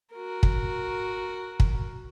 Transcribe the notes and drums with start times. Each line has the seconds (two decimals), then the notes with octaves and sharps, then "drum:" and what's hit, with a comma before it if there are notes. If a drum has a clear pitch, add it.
0.14 F#4 A#4
0.43 drum: kick
1.60 drum: kick